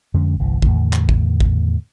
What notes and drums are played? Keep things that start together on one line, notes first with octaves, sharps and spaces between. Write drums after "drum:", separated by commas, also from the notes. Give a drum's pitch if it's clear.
F2 D3 G#3 C#4
G1 C2 E3
E2 A2 D3 D#3, drum: kick
drum: clap
drum: kick
drum: kick